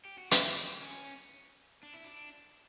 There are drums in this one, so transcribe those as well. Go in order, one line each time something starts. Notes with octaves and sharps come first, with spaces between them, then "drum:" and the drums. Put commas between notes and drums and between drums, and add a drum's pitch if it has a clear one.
G4
F#4
E4, drum: hi-hat
C#4
D4
E4
D4